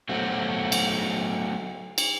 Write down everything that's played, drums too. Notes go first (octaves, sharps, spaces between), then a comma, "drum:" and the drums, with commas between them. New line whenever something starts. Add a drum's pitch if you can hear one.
F#3 A3 B3 F#4 G4 C5
drum: cymbal
drum: cymbal